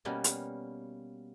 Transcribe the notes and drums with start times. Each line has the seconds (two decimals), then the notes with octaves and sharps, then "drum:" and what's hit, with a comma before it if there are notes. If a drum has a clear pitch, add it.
0.05 B2 G3 A#3 C#4
0.24 drum: hi-hat